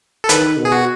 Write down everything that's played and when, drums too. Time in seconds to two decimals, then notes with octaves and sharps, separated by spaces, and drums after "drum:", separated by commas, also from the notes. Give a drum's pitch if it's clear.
0.24 A4
0.29 D#3 B4, drum: hi-hat
0.58 B2
0.65 G#4
0.72 F#4